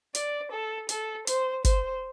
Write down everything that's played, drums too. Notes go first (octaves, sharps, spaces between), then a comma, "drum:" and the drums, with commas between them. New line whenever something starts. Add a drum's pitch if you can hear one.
D5, drum: hi-hat
A4
A4, drum: hi-hat
C5, drum: hi-hat
C5, drum: kick G1, hi-hat